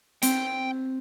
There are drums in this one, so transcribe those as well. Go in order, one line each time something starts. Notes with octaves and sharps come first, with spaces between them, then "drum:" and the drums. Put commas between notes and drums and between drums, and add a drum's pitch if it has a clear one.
C4 G5, drum: hi-hat